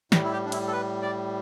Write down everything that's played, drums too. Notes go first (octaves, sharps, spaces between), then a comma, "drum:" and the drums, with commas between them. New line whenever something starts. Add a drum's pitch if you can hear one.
A2 G3, drum: snare
E4
G4
D4
E4, drum: cymbal
A4
B4
D5